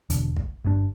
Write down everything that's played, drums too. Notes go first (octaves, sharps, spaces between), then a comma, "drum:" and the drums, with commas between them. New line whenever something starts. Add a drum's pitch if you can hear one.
E1 E2 D3, drum: hi-hat
drum: kick
G1 G2 G3 D4